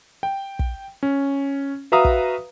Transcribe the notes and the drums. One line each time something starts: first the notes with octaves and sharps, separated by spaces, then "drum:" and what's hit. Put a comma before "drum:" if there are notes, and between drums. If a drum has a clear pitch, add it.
G5
drum: kick
C#4
F#4 B4 E5 F5 A#5 D#6
drum: kick